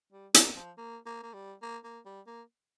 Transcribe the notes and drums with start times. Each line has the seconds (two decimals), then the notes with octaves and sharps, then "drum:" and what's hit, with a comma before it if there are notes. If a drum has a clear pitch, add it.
0.12 G3
0.34 A#3, drum: hi-hat
0.56 F3
0.78 A#3
1.06 A#3
1.23 A#3
1.33 G3
1.62 A#3
1.84 A#3
2.06 G3
2.27 A#3